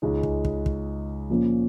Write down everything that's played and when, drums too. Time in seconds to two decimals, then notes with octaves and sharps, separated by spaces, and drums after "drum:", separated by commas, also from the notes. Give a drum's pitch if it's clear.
0.02 C#2 C#3 G#3 D#4
0.23 drum: kick
0.45 drum: kick
0.66 drum: kick
1.30 A#2 F3 A#3 C#4